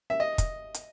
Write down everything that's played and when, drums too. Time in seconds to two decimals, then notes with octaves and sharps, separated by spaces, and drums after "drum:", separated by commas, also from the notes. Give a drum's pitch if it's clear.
0.10 E5
0.20 D#5
0.38 drum: kick, hi-hat
0.74 drum: hi-hat